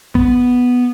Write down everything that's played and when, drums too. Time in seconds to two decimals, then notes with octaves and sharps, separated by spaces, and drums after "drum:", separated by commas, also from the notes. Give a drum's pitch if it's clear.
0.15 B3, drum: kick A1